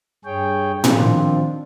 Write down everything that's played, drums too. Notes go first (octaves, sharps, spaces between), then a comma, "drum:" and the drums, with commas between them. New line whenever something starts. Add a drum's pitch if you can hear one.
G2 G#4 C#5 G5
D#3 F3 C4 D4 F4, drum: tom A2